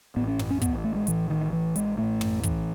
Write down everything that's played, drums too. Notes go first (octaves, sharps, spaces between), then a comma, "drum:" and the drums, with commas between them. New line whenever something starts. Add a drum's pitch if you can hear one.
A1 A2 B3
C#4
drum: tom
C#4
B3, drum: kick, hi-hat
A3
G#3
A1 A2 E3, drum: hi-hat
D#3
E3
G#3, drum: hi-hat
A1 A2 A3
drum: tom
E3, drum: kick, hi-hat